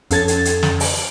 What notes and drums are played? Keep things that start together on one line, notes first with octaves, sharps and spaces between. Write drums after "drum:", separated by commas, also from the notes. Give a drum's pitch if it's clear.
F2 C#4 A4 G#6 A6, drum: hi-hat
drum: hi-hat
drum: hi-hat
drum: snare
drum: open hi-hat